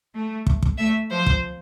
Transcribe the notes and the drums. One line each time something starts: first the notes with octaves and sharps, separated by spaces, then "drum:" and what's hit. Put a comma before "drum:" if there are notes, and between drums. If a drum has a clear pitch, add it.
A3
drum: kick
drum: kick
A3 E5
F3 C5
drum: kick